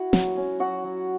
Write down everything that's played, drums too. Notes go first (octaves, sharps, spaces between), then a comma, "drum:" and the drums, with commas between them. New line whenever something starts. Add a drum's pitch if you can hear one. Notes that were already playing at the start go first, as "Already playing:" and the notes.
Already playing: E4 F#4 F#5
F#3, drum: snare
C#4
F#3 F#4 F#5
F#3